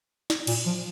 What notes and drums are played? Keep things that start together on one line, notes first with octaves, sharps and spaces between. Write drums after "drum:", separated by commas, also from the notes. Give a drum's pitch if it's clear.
drum: snare
A#2, drum: cymbal
F3